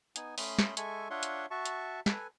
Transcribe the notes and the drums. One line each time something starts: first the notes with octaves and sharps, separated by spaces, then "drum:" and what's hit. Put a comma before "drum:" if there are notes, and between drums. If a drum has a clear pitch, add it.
B3 D#4 G#5, drum: hi-hat
A3 C#4 B5 C6 D#6, drum: open hi-hat
drum: snare
G#3 A4 E5 G#5 C#6, drum: hi-hat
D4 F4 C#5 E5 F#5 C6
drum: hi-hat
F#4 E5 A5 C#6
drum: hi-hat
A4 B4 G#5, drum: snare